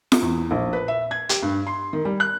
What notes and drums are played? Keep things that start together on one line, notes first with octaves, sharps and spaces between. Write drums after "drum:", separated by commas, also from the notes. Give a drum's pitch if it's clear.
drum: snare F4
E2
A#1
B4
E5
G#6
G4, drum: hi-hat
G2
C6
D#3
G3
F#6